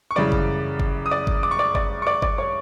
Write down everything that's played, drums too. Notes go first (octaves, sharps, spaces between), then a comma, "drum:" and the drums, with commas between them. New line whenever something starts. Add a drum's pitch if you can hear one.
C#6
F#2 C#3 E3 G3 D5 D6
drum: kick G1
drum: kick G1
D#6
D5 D6
drum: kick G1
D6
C#6
D5 D6
D5 D6, drum: kick G1
C#6
D5 D6
D5 D6, drum: kick G1
C#5 C#6